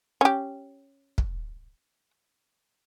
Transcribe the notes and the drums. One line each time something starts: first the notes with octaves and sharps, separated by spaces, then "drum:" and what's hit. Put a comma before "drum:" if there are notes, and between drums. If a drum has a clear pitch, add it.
C#4 G4
drum: kick